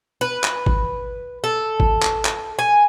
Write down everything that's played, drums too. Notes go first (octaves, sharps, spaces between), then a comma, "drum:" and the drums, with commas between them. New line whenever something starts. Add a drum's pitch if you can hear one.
B4
drum: clap
drum: kick G#1
A4
drum: kick G#1
drum: clap
drum: clap
G#5